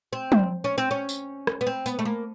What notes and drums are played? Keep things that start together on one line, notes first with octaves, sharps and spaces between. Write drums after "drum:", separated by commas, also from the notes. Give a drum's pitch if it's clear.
C4
drum: tom
C#4
C4
C#4
drum: tambourine
drum: rim click
B3
C4
B3, drum: tambourine
A3
A#3